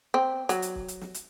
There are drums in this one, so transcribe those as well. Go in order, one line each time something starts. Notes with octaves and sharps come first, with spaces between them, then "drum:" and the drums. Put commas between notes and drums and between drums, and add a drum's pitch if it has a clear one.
C4
F#3, drum: hi-hat
drum: hi-hat
drum: kick C#1
drum: hi-hat
drum: snare
drum: hi-hat